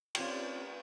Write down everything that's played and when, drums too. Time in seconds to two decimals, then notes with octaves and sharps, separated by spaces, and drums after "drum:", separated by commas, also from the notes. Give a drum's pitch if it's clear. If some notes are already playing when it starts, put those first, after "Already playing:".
0.15 C4 C#4 F4 G4, drum: cymbal